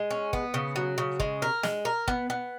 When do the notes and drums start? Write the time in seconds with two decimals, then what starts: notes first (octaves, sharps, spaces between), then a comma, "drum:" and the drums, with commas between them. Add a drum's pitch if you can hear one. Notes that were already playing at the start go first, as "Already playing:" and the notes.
Already playing: G#3
0.11 C#4
0.33 B3, drum: kick
0.54 C#3
0.76 F#3
0.98 C#3
1.20 G#3, drum: kick
1.42 A#4
1.63 G#3, drum: snare
1.85 A#4
2.08 B3, drum: kick
2.30 B3